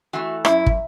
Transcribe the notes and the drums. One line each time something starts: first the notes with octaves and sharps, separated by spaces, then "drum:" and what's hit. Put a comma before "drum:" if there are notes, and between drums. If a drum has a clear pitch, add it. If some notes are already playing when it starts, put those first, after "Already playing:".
E3 A3 F#4
F#2 E4, drum: rim click
drum: kick